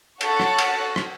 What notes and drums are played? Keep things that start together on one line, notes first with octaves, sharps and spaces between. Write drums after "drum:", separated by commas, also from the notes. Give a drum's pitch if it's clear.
F#4 A4 C#5 F#5 A5, drum: cymbal
drum: rim click
drum: cymbal
drum: rim click